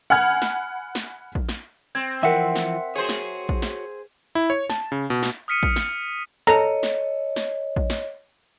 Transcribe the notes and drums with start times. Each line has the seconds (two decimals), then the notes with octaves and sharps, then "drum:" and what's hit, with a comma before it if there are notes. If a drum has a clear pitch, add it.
0.10 F#5 G#5 B5 F6 G#6
0.42 drum: snare
0.95 drum: snare
1.35 drum: kick A#1
1.49 drum: snare
1.95 C4 G#6
2.23 E3 F3 A#4 E5 F#5 G5
2.55 drum: snare
2.96 F#4 G#4 C5 C#5
3.09 drum: snare
3.49 drum: kick A#1
3.62 drum: snare
4.35 E4
4.50 C#5
4.70 A5, drum: snare
4.92 C#3
5.10 B2
5.23 drum: snare
5.48 D#6 F6 B6 C#7 D#7
5.63 drum: kick A#1
5.76 drum: snare
6.47 A4 C#5 D#5 A#5
6.83 drum: snare
7.36 drum: snare
7.76 drum: kick A#1
7.90 drum: snare